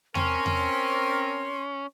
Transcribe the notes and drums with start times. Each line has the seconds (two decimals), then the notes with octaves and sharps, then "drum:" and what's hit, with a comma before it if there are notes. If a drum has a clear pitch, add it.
0.15 C4 C#4 A#4 C6, drum: tom E2
0.46 drum: tom E2